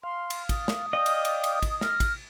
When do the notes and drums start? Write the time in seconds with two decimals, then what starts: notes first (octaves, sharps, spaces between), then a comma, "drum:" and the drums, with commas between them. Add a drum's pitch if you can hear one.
0.03 F5 C6
0.30 drum: cymbal
0.49 D#6, drum: kick, cymbal
0.68 drum: snare
0.93 D5 D#5 F5 G5
1.06 drum: cymbal
1.25 drum: cymbal
1.44 drum: cymbal
1.63 drum: kick, cymbal
1.81 F6 A#6, drum: snare
2.00 drum: kick, cymbal